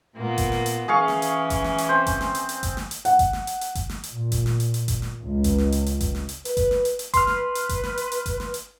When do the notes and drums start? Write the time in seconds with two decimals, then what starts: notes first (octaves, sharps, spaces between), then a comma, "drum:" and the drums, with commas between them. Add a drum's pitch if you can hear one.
0.17 A#2 A#3 B3
0.38 drum: kick G1, hi-hat
0.52 drum: snare
0.66 drum: hi-hat
0.88 E3 C#4 G#4 F5 C#6
1.08 drum: snare
1.22 drum: hi-hat
1.50 drum: kick G1, hi-hat
1.64 drum: snare
1.78 drum: hi-hat
1.89 C4 C5
2.06 drum: kick G1, hi-hat
2.21 drum: snare
2.35 drum: hi-hat
2.49 drum: hi-hat
2.63 drum: kick G1, hi-hat
2.77 drum: snare
2.91 drum: hi-hat
3.05 F#5, drum: hi-hat
3.19 drum: kick G1, hi-hat
3.33 drum: snare
3.47 drum: hi-hat
3.61 drum: hi-hat
3.75 drum: kick G1, hi-hat
3.89 drum: snare
4.04 drum: hi-hat
4.13 A#2
4.32 drum: kick G1, hi-hat
4.46 drum: snare
4.60 drum: hi-hat
4.74 drum: hi-hat
4.88 drum: kick G1, hi-hat
5.02 drum: snare
5.23 C#2
5.44 drum: kick G1, hi-hat
5.58 drum: snare
5.72 drum: hi-hat
5.86 drum: hi-hat
6.01 drum: kick G1, hi-hat
6.15 drum: snare
6.29 drum: hi-hat
6.45 B4, drum: hi-hat
6.57 drum: kick G1, hi-hat
6.71 drum: snare
6.85 drum: hi-hat
6.99 drum: hi-hat
7.14 B4 C6 F6, drum: kick G1, hi-hat
7.27 drum: snare
7.55 drum: hi-hat
7.69 drum: kick G1, hi-hat
7.83 drum: snare
7.98 drum: hi-hat
8.12 drum: hi-hat
8.26 drum: kick G1, hi-hat
8.40 drum: snare
8.54 drum: hi-hat